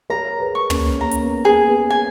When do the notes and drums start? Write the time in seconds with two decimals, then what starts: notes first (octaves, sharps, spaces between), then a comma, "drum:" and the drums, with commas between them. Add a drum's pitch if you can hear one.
0.10 A#4 C#5 A#5
0.40 G#4 B4
0.55 C#6
0.70 A#3 C#4, drum: tom
1.00 A#3 C#4 A#5
1.11 drum: hi-hat
1.22 B3
1.45 B3 G#4
1.68 B3
1.90 G#5